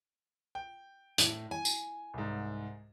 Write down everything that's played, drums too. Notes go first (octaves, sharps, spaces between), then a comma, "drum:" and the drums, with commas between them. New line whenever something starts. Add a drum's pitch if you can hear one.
G5
A2, drum: hi-hat
G#5
drum: tambourine
C2 G#2